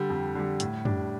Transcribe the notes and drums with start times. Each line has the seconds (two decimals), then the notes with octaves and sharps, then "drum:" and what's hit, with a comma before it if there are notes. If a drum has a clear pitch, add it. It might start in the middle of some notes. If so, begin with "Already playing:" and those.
Already playing: D3 G3
0.10 F2
0.35 D3 G3
0.60 A2, drum: hi-hat
0.85 G3 D4, drum: tom